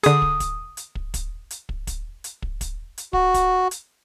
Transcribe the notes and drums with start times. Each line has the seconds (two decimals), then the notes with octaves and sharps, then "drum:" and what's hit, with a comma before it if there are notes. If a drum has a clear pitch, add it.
0.03 D3 G#4 D#6, drum: hi-hat
0.22 drum: kick
0.40 drum: kick, hi-hat
0.77 drum: hi-hat
0.95 drum: kick
1.14 drum: kick, hi-hat
1.51 drum: hi-hat
1.69 drum: kick
1.87 drum: kick, hi-hat
2.24 drum: hi-hat
2.42 drum: kick
2.61 drum: kick, hi-hat
2.98 drum: hi-hat
3.13 F#4, drum: kick
3.34 drum: kick, hi-hat
3.71 drum: hi-hat